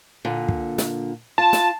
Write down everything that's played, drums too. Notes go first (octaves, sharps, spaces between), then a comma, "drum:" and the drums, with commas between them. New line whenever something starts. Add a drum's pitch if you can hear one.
A#2 D3
drum: kick
drum: snare
F4 A5
drum: snare